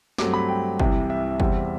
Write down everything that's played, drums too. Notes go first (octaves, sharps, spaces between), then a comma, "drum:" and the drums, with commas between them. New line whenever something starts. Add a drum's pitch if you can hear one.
G2 F#3 A3 C4 D6, drum: snare
B5
G5
C2 C3 E3, drum: kick
E5
E2 C3 G3 C4, drum: kick